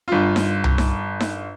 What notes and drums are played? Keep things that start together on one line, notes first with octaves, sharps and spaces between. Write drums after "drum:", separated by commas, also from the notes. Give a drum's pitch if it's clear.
G1 F4
drum: snare D#4
drum: tom C2
drum: snare D#4
drum: snare D#4